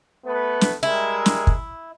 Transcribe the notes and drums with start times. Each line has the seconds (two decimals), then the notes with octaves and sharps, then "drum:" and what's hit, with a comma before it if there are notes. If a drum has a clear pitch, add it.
0.24 A3 B3 B4
0.61 drum: snare
0.83 G3 G#3 E4 A#4
1.26 drum: snare
1.47 drum: kick